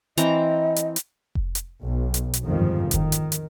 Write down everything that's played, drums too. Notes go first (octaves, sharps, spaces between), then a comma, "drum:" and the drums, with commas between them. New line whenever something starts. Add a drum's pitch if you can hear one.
E3 C4 D#5 A#5, drum: hi-hat
drum: hi-hat
drum: hi-hat
drum: kick F1
drum: hi-hat
B1
drum: hi-hat
drum: hi-hat
G1 F2 G#2 D#3 F3
D#3, drum: kick F1, hi-hat
drum: hi-hat
drum: hi-hat